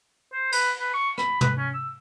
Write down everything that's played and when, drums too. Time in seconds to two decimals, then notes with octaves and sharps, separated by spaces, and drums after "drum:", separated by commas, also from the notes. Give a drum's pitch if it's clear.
0.33 C5
0.52 B4, drum: cymbal
0.80 B4
0.94 C#6
1.18 B5, drum: rim click
1.41 B4, drum: tom
1.57 C#4
1.74 E6